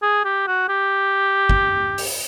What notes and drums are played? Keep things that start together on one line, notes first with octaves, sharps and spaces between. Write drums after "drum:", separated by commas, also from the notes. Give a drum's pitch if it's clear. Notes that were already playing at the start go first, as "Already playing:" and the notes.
G#4
G4
F#4
G4
drum: kick
drum: open hi-hat